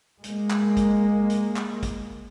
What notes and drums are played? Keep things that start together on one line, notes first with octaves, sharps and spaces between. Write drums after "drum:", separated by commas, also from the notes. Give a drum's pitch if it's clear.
G#3 A#3, drum: hi-hat
drum: clap
drum: kick, hi-hat
drum: hi-hat
drum: clap
drum: kick, hi-hat